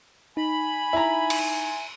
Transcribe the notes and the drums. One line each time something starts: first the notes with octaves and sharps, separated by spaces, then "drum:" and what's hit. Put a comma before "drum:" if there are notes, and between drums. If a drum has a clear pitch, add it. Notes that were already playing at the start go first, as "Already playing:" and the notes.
D#4 G#5 B5
E4 A#5
drum: cymbal